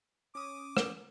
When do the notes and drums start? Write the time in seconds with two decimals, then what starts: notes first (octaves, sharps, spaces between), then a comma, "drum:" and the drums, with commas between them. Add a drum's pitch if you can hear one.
0.35 C#4 D6 D#6
0.77 drum: rim click